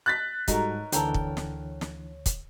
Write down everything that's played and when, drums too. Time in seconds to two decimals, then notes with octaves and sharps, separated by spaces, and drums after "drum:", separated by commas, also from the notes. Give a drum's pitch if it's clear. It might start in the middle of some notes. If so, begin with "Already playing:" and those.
0.06 F#6 A6 B6
0.48 G#2 G3 D#4 F#4 A4 A#4 C#5, drum: kick, hi-hat
0.92 D2 D3 E3 A4 A#4 C#5 G5, drum: hi-hat
1.14 drum: kick
1.37 drum: snare
1.81 drum: snare
2.26 drum: kick, hi-hat